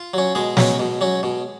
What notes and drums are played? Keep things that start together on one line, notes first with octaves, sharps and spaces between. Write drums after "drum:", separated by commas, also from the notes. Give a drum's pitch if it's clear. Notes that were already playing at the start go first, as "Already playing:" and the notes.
Already playing: F4
F#3 C#4
B2 G#3 G#4
F#3 C#4, drum: snare
B2
F#3 C#4
B2